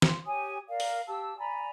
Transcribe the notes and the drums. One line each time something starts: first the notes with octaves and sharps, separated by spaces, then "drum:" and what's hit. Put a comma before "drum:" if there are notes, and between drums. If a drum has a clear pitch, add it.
C6, drum: snare
G4 C#5 G#5 D#6
A#4 D5 F5
drum: open hi-hat
G4 F5 A5 E6
D5 G#5 A#5 B5